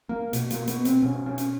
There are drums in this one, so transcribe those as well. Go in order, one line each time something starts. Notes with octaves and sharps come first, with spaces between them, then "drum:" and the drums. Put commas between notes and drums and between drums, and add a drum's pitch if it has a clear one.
A#3
B2, drum: hi-hat
A#3, drum: hi-hat
B3, drum: hi-hat
C4, drum: hi-hat
B2 C#4
C#4
drum: hi-hat